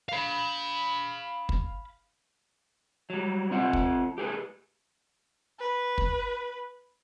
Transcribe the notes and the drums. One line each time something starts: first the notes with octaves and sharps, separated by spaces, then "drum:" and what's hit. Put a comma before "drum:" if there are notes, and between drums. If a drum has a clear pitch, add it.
F5 B5
drum: kick
F#3 G3
C4 F4 F#5
drum: kick
G4 G#4 B4
B4
drum: kick